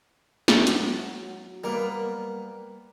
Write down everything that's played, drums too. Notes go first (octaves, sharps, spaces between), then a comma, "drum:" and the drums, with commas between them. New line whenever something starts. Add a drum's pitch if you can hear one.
F#3 F#4, drum: snare
drum: hi-hat
G3 A#3 B3 A#4